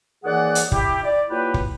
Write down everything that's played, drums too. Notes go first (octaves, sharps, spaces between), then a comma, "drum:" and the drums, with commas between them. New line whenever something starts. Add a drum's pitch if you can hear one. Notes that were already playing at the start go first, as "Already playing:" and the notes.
D#2 E3 A#3 G#4 D5 F#5
drum: hi-hat
E4 G4, drum: kick
D5
F#3 A#3 E4 F4 G4 B4
drum: kick